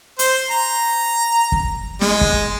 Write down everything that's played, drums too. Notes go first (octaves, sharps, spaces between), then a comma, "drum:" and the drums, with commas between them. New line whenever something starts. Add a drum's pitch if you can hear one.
C5, drum: hi-hat
A#5
drum: kick
G#3, drum: snare
drum: kick